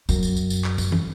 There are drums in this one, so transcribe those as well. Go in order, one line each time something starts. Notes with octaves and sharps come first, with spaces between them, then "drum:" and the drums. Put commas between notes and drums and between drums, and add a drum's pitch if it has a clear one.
F#2, drum: tambourine
drum: tambourine
drum: tambourine
drum: tambourine
drum: clap
drum: kick, tambourine
drum: tom